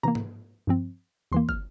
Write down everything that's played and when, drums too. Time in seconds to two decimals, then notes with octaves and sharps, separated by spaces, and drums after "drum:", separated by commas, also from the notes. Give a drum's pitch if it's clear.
0.03 C3 E3 A#3 A#5
0.15 drum: tom G#2
0.67 G2 F3 C4
1.32 E2 E3 A#3 C6
1.49 F6, drum: kick